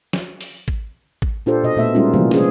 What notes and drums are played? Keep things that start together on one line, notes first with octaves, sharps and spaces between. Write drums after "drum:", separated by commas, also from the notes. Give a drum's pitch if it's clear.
drum: snare
drum: open hi-hat
drum: kick G#1
drum: kick G#1
A#2 D4 F4 G4 A4 C5
B2 D#5
A#2 A3 B3 E5
G3 G#3 A#3 C#4 D#4 F4
C3 E3 F3 G3 A#3
C#4 G#4, drum: snare